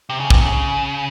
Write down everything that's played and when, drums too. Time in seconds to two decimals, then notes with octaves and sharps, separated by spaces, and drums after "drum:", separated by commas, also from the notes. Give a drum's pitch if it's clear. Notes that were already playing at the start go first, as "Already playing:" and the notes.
0.10 C3
0.20 C#3
0.30 C3, drum: kick
0.41 C#3